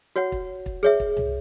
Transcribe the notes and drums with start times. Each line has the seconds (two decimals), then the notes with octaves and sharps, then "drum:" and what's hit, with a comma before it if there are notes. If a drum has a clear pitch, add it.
0.16 F#4 C#5 F#5
0.32 drum: kick
0.66 drum: kick
0.83 G#4 C#5 E5
1.00 drum: kick
1.17 drum: tom C2